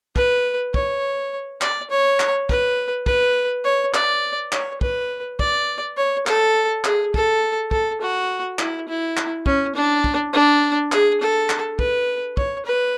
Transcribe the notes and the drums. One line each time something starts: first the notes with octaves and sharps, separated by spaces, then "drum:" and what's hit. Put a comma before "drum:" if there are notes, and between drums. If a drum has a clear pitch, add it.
B4, drum: kick
C#5, drum: kick
D5, drum: clap
C#5
drum: clap
B4, drum: kick
B4, drum: kick
C#5
D5, drum: clap
C#5, drum: clap
B4, drum: kick
D5, drum: kick
C#5
A4, drum: clap
G#4, drum: clap
A4, drum: kick
A4, drum: kick
F#4
E4, drum: clap
E4
drum: clap
C#4, drum: kick
D4
drum: kick
D4
G#4, drum: clap
A4
drum: clap
B4, drum: kick
C#5, drum: kick
B4